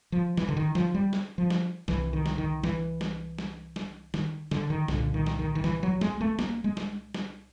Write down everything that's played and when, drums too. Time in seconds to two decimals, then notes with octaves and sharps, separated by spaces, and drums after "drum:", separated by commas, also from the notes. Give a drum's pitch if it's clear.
0.12 F3
0.37 E3, drum: snare
0.49 D3
0.57 D#3
0.75 F3, drum: snare
0.94 G3
1.13 drum: snare
1.38 F3
1.50 drum: snare
1.88 C2 C3 E3, drum: snare
2.13 D#3
2.26 drum: snare
2.38 D#3
2.64 E3, drum: snare
3.01 drum: snare
3.38 drum: snare
3.76 drum: snare
4.14 D#3, drum: snare
4.51 D3, drum: snare
4.70 D#3
4.88 C2 A#2 D3, drum: snare
5.14 D#3
5.26 drum: snare
5.39 D#3
5.55 D#3
5.64 E3, drum: snare
5.83 F#3
6.01 G#3, drum: snare
6.21 A3
6.39 A#3, drum: snare
6.64 G#3
6.77 drum: snare
7.14 drum: snare